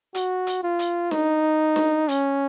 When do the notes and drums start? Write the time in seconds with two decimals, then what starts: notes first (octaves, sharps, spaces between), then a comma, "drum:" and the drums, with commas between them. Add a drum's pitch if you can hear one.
0.15 F#4, drum: hi-hat
0.47 drum: hi-hat
0.63 F4
0.79 drum: hi-hat
1.11 D#4, drum: snare D4
1.76 drum: snare D4
2.08 C#4, drum: hi-hat